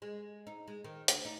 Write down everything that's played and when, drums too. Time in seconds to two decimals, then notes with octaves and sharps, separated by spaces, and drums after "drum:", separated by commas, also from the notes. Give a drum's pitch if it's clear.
0.02 G#3
0.47 D#4
0.68 G#3
0.84 D#3
1.08 D2, drum: hi-hat
1.25 D#4